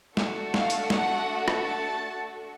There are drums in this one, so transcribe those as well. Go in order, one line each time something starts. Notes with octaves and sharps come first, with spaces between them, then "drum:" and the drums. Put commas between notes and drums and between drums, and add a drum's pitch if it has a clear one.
A3 D4 F#4 A4, drum: snare
F5, drum: snare
drum: hi-hat
F#5, drum: snare
drum: rim click
A5